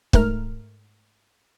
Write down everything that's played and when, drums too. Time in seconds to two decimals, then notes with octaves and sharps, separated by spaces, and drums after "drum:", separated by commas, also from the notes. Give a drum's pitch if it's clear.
0.13 G#2 A3 A#4 F6, drum: kick